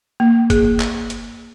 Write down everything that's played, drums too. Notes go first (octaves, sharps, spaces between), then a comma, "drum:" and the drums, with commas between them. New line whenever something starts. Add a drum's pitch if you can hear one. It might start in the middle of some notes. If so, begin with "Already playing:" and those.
A#3
G#4, drum: kick F#1, hi-hat
drum: clap
drum: hi-hat